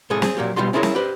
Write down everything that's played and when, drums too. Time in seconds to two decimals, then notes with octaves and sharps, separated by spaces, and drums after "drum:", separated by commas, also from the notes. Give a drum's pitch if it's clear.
0.10 A2 C3 G#3 A3 G#4
0.22 C4 G#4, drum: snare
0.37 A#2 F#3 A#3 G4
0.56 B2 G3 F4 G4 C6
0.73 C#4 E4 F4 G#4 A#4 C#5
0.83 drum: snare
0.95 G4 B4 C5